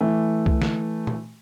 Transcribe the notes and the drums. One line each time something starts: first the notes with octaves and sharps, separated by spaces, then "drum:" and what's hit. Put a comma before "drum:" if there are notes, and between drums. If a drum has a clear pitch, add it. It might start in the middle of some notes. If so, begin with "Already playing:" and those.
E3 A3
drum: kick C2
drum: snare
drum: tom